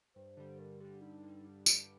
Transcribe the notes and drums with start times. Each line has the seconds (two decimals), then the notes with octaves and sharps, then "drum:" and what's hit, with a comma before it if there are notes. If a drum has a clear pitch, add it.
0.15 G2 C5
0.37 D3 G3
0.59 G2 A#4
0.80 D3 G3 G4
1.01 G2 D#4
1.23 D3 G3
1.44 G2
1.66 D3 G3, drum: tambourine